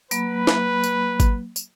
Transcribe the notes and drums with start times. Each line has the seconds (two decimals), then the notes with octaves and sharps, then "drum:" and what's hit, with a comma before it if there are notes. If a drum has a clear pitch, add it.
0.11 F#3 A#3 B4 B5, drum: tambourine
0.47 drum: snare
0.84 drum: tambourine
1.20 drum: kick G#1, tambourine
1.56 drum: tambourine